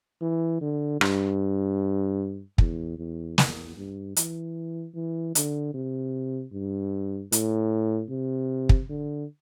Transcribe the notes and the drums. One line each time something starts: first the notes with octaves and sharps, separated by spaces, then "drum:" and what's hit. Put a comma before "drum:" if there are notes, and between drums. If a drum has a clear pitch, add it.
E3
D3
G2, drum: rim click
E2, drum: kick
E2
E2, drum: snare
G2
E3, drum: hi-hat
E3
D3, drum: hi-hat
C3
G2
A2, drum: hi-hat
C3
drum: kick
D3